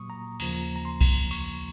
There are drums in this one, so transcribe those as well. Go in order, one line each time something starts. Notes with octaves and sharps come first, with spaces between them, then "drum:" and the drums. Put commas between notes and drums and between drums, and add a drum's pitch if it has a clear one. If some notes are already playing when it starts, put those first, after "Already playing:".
Already playing: A#2 F#3 A#3 C#6 D#6
A#5
D#2 C#3 F3 A#3 A#5, drum: cymbal
A#5
C6
drum: kick B1, cymbal
C#6, drum: cymbal